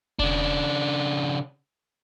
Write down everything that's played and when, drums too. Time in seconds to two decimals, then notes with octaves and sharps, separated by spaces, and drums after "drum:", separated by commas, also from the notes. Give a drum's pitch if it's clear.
0.19 C#3 D4, drum: kick E1